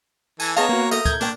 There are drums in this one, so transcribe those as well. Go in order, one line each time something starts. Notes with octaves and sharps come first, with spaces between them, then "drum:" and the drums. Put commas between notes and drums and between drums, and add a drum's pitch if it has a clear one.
E3 A4 G#5, drum: tambourine
B3 G#4 C#5 D#5 F5 A5 A#5, drum: tambourine
A#3 F#4
A4 A#4 E5 A#5 D#6, drum: tambourine
G6 G#6, drum: kick, tambourine
A#2 D4 A#4 G5, drum: tambourine